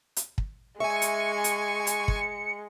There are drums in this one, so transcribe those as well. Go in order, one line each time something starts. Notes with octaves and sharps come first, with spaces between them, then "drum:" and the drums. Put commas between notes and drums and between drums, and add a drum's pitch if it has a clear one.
drum: hi-hat
drum: kick
G#3 E5 G#5 C#6 C#7
drum: hi-hat
drum: hi-hat
drum: hi-hat
drum: kick